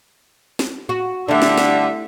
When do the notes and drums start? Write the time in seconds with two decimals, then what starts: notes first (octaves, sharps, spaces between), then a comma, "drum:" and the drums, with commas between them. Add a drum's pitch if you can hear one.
0.59 drum: snare
0.89 F#4
1.28 D3 G3 A3 D4 E4 E5
1.42 drum: snare
1.58 drum: snare